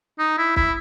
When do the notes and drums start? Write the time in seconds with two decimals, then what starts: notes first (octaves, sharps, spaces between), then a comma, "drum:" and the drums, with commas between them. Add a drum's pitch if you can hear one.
0.19 D#4
0.38 E4
0.56 E4, drum: kick